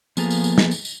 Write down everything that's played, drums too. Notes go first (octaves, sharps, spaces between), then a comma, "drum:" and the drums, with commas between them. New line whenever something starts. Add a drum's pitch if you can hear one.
F3 A#3 B3 G#4 A4 A#5, drum: tambourine
drum: tambourine
drum: tambourine
drum: snare
drum: tambourine
drum: tambourine